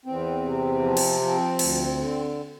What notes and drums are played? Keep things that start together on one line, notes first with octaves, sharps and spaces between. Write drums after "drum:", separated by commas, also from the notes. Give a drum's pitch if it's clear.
E2 C4
C3
F3
drum: cymbal
F3
D2, drum: cymbal
D3